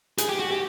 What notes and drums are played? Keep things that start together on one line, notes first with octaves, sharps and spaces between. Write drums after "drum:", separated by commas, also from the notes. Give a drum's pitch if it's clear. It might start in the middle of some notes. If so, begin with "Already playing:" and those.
G#4, drum: hi-hat
G4
F#4
G4